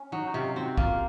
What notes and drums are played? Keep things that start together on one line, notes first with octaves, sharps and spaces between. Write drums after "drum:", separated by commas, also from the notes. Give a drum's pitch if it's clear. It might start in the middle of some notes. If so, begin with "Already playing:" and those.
Already playing: C#4
F#3 D#4
D#4
C3 F4
C4 F#4
A#3 F4, drum: kick A#1